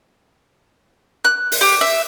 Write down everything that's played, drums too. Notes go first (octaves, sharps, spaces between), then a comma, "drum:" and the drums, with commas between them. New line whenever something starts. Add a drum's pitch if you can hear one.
F#6
drum: open hi-hat
G4
E5